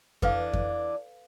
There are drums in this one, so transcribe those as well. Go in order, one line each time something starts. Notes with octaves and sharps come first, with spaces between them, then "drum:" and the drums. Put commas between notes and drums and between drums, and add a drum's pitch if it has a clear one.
E3 D4 A4 B4 F5, drum: kick F2
drum: kick F2